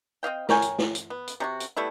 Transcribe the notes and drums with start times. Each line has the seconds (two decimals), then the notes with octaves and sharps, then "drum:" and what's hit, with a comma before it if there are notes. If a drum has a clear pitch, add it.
0.23 C4 D#5 F5 G5
0.49 A#4 C#5 G5 G#5, drum: snare E4
0.62 drum: hi-hat
0.78 drum: snare E4
0.95 drum: hi-hat
1.10 B3
1.27 drum: hi-hat
1.40 C3 D4 F#4
1.60 drum: hi-hat
1.77 G3 A3 B3 E4